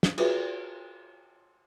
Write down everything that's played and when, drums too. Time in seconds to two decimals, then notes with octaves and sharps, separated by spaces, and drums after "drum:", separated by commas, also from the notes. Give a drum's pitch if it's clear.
0.03 drum: snare
0.18 F4 F#4 G#4 B4 E5, drum: cymbal